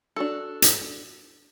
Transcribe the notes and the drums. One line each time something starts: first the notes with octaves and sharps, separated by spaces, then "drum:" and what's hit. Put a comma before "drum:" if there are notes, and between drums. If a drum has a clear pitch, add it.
D4 F#4 A4
drum: hi-hat